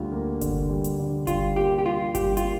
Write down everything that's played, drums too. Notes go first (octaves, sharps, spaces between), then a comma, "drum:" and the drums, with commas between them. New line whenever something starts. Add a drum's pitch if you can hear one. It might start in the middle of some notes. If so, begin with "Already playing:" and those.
Already playing: D2 G3 F4
A#3
D3, drum: kick G1, hi-hat
G3
drum: hi-hat
D3
G3 F4, drum: kick G1, hi-hat
A#3 G4
G4
G3 F4
G3 G4, drum: kick G1, hi-hat
F4, drum: hi-hat
A#3